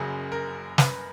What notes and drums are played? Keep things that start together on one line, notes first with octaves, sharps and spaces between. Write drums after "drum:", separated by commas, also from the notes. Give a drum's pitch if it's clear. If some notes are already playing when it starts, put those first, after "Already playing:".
Already playing: F#1 F#2 C#3 F#3 G#4
A#4
B4, drum: snare